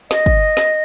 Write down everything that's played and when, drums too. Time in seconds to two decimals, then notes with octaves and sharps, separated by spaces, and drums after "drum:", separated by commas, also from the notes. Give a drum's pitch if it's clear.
0.11 D#5, drum: snare
0.26 drum: kick
0.57 drum: snare